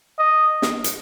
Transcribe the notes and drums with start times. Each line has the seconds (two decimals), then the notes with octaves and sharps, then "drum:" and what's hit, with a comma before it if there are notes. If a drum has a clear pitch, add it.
0.18 D#5
0.62 drum: snare
0.84 drum: hi-hat